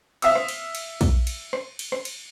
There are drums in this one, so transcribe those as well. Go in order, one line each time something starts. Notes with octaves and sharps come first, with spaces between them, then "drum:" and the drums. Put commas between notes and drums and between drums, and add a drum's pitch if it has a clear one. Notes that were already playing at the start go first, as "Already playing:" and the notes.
E5 F5 D#6 E6, drum: cymbal
drum: rim click
drum: cymbal
drum: cymbal
drum: kick, cymbal
drum: cymbal
drum: rim click
drum: cymbal
drum: rim click
drum: cymbal